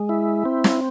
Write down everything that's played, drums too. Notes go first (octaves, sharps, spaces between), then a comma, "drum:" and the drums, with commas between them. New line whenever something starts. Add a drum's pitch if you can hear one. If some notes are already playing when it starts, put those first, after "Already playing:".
Already playing: G#3
E4
C4
drum: snare